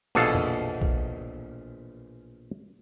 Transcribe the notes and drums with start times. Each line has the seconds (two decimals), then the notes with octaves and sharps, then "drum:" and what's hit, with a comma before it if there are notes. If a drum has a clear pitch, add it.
0.15 A#1 B2 E3 G#4 A4 F5, drum: cymbal
0.35 drum: tom F2
0.82 drum: kick A#1